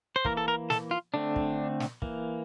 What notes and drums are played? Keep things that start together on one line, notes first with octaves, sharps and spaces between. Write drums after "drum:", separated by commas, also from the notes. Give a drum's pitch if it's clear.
C5
E3 A#3 A#4, drum: kick
A4
A#4
A4, drum: snare
F4
D3 A3 C4 D4
drum: kick
drum: snare
E3 A#3, drum: kick